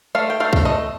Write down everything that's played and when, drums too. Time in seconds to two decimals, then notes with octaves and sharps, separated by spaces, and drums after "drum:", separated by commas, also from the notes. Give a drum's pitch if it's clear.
0.15 A3 F5
0.30 G5
0.40 A3 F5
0.53 drum: kick
0.65 A3 D#5